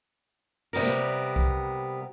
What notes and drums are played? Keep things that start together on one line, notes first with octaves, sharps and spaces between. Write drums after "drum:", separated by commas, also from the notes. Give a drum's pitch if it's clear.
C3 G3 B3 A#4
drum: snare A#3
drum: kick C2